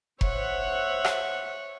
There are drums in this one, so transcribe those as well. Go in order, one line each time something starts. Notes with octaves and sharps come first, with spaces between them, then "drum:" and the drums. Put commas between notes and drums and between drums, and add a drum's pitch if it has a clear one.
C5 C#5 E5 F#5, drum: kick F1
drum: rim click